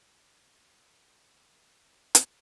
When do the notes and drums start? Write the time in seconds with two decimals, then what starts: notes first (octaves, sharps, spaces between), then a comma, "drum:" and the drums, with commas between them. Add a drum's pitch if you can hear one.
0.19 G#2 D3 E4
2.15 drum: hi-hat